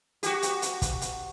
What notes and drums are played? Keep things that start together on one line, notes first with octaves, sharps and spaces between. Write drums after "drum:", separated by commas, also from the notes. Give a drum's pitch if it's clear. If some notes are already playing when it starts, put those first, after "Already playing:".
F#4 G4, drum: hi-hat
drum: hi-hat
drum: hi-hat
drum: kick, hi-hat
drum: hi-hat